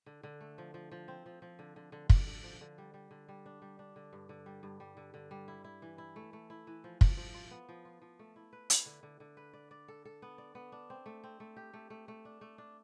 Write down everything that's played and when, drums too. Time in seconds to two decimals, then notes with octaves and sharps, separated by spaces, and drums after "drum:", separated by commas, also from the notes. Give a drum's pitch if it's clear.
0.06 D3
0.23 D3
0.41 A3
0.58 F3
0.74 F3
0.92 F3
1.08 C4
1.26 F3
1.42 F3
1.59 D3
1.76 D3
1.92 D3
2.10 D3, drum: kick
2.26 D3
2.44 F3
2.61 D3
2.78 G3
2.94 G3
3.11 D3
3.28 G3
3.46 D4
3.62 G3
3.79 D4
3.96 D3
4.13 G2
4.29 D3
4.46 G3
4.63 G2
4.80 G3
4.97 D3
5.14 D3
5.31 G3
5.48 E4
5.64 E4
5.82 E3
5.98 E4
6.16 A3
6.33 A3
6.50 E4
6.67 E3
6.84 F3
7.01 F3, drum: kick
7.17 F3
7.34 F4
7.51 B3
7.69 F3
7.85 F4
8.02 F3
8.19 A3
8.36 E4
8.53 B4
8.70 E4, drum: hi-hat
8.86 D3
9.03 D3
9.20 D3
9.37 B4
9.53 D5
9.71 D5
9.88 A4
10.05 A4
10.22 B3
10.38 D5
10.55 B3
10.72 D4
10.90 C4
11.06 A3
11.24 C4
11.40 A3
11.56 G4
11.74 A3
11.90 A3
12.08 A3
12.25 D4
12.41 A3
12.58 D4